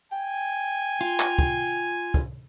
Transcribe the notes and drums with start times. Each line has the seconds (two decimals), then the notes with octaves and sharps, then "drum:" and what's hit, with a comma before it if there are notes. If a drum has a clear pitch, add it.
0.12 G5 G#5
1.01 F4
1.20 drum: clap
1.39 drum: kick
2.14 drum: kick